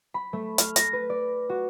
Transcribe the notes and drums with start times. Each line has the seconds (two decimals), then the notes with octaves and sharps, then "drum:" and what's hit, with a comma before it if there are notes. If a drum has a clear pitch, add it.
0.14 B5
0.33 A3
0.58 F6, drum: hi-hat
0.76 A#6, drum: hi-hat
0.93 B4
1.10 D5
1.49 F#4